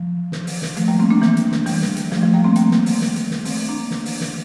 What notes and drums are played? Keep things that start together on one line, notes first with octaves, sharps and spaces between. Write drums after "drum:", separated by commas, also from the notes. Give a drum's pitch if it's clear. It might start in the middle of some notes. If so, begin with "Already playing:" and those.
Already playing: F3
drum: snare
drum: open hi-hat
drum: snare
F3 A3, drum: hi-hat
G3 A#3
A3 C4
A#3 D4
E3, drum: snare
drum: hi-hat
drum: snare
E3 G3, drum: open hi-hat
drum: snare
drum: hi-hat
F3 A3, drum: snare
F3 A3
G3 A#3
A3 C4
G3 A#3, drum: hi-hat
drum: snare
drum: open hi-hat
drum: snare
drum: hi-hat
drum: snare
A3 C4, drum: open hi-hat
A#3 D4
drum: snare
drum: open hi-hat
drum: snare